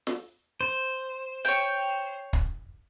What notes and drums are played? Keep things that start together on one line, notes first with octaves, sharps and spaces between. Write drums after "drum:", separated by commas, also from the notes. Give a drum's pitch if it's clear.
drum: snare
C5
C#5 G5, drum: hi-hat
drum: kick